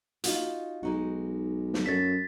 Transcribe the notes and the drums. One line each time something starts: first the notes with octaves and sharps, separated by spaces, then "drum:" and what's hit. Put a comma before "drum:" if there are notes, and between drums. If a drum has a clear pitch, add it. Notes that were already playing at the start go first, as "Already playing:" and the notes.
D#4 F4 F#4, drum: hi-hat
B1 G#3 D#4 F#4
drum: snare
F#2 A4 C#5 A6 B6